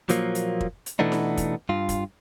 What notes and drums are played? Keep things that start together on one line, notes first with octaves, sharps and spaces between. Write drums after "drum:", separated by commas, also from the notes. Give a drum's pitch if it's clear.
A#2 F3 F#3 A#3, drum: hi-hat
drum: hi-hat
drum: kick
drum: hi-hat
B2 E3 A3 B3 D4 D#4
drum: snare D#4
drum: kick, hi-hat
G2 F4
drum: kick, hi-hat